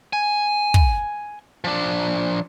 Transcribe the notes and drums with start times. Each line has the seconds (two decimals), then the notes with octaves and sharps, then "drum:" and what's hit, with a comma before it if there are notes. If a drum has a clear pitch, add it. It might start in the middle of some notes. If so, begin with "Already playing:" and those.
0.13 G#5
0.74 drum: kick
1.64 F3 D4